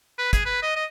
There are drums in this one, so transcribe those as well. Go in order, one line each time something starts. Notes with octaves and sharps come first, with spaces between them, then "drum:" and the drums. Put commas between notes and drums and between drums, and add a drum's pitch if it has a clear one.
B4
G#4, drum: kick, hi-hat
B4
D#5
D#5